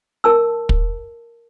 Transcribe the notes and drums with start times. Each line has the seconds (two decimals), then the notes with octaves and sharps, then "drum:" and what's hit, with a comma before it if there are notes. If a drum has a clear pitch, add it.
0.24 A#4 A5 E6
0.69 drum: kick